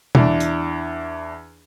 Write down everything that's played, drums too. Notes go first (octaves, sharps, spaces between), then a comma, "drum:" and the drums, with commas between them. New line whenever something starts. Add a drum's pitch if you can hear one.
E2 D4, drum: tom
drum: hi-hat